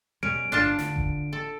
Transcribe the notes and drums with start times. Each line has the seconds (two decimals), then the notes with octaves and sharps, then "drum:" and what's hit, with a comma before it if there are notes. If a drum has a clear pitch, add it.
0.23 F#2 B2 G3 C#4 D7
0.52 G1 D4 F4 A5
0.79 D3, drum: snare
0.96 drum: kick F#1
1.33 A4